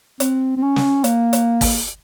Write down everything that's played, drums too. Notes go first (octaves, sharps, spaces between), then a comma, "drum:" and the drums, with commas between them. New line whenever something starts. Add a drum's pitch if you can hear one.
C4, drum: hi-hat
C4
C#4
drum: snare
A#3, drum: hi-hat
drum: hi-hat
drum: kick, open hi-hat